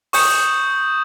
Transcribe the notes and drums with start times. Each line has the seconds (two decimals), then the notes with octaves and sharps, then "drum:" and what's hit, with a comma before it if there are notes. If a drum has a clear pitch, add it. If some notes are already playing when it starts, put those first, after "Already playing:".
0.13 C#6 D#6 G6 C#7 E7, drum: open hi-hat